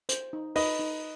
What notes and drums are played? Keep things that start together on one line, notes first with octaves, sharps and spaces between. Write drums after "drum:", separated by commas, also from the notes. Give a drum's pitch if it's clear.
C5, drum: hi-hat
D#4
D#4 B4 D#5, drum: open hi-hat
D#4